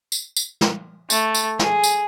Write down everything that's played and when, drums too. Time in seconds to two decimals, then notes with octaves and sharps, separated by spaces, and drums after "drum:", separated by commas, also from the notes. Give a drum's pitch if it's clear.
0.12 drum: tambourine
0.36 drum: tambourine
0.61 drum: snare
1.10 A3, drum: tambourine
1.35 drum: tambourine
1.59 G#4, drum: snare
1.84 drum: tambourine